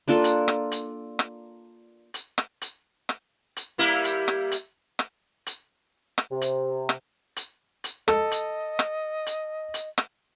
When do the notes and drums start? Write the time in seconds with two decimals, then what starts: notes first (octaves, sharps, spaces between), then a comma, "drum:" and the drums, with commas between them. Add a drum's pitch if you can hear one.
0.08 A#3 D4 F4 A4
0.24 drum: hi-hat
0.48 drum: rim click
0.72 drum: hi-hat
1.19 drum: rim click
2.14 drum: hi-hat
2.38 drum: rim click
2.61 drum: hi-hat
3.09 drum: rim click
3.56 drum: hi-hat
3.78 G3 A#3 E4
4.04 drum: hi-hat
4.28 drum: rim click
4.51 drum: hi-hat
4.99 drum: rim click
5.46 drum: hi-hat
6.18 drum: rim click
6.31 C3
6.41 drum: hi-hat
6.89 drum: rim click
7.36 drum: hi-hat
7.84 drum: hi-hat
8.08 A4 D#5, drum: rim click
8.31 drum: hi-hat
8.79 drum: rim click
9.26 drum: hi-hat
9.74 drum: hi-hat
9.98 drum: rim click